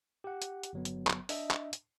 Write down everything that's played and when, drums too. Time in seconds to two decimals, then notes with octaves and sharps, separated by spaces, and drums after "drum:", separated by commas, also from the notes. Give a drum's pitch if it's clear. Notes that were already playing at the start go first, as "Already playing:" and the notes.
0.24 G4 F#5
0.42 drum: hi-hat
0.63 drum: hi-hat
0.73 G1 F#3 B3
0.85 drum: hi-hat
1.07 drum: clap
1.29 D4 D#5 E5, drum: open hi-hat
1.51 drum: clap
1.73 drum: hi-hat